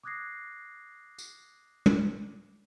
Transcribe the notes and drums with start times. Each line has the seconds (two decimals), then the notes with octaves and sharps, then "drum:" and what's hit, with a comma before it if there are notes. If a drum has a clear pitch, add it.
0.03 D6 D#6 F#6 G#6 A#6 C7
1.19 drum: tambourine
1.86 drum: tom